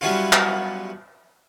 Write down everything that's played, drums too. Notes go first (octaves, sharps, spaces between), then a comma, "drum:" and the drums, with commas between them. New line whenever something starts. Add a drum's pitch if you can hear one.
F#3 G3 B3 C#4 E4 F4
drum: clap